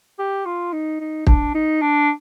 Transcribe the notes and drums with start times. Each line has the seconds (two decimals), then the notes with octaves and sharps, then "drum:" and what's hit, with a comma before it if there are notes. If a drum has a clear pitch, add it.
0.19 G4
0.46 F4
0.73 D#4
1.00 D#4
1.27 D4, drum: kick
1.54 D#4
1.82 D4